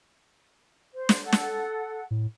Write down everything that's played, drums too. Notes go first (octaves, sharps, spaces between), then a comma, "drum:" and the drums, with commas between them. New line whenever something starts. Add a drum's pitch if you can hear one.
C5
drum: snare
A4 F#5
drum: snare
A2